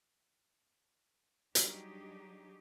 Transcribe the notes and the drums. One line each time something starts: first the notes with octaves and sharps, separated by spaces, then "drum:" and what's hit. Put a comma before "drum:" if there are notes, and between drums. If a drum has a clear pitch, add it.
F#3 G3 D4 D#4 G4 G#4, drum: hi-hat